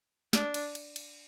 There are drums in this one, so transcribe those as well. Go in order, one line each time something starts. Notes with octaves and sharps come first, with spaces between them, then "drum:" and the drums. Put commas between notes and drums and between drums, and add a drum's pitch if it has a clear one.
D4, drum: snare
drum: cymbal
drum: cymbal
drum: cymbal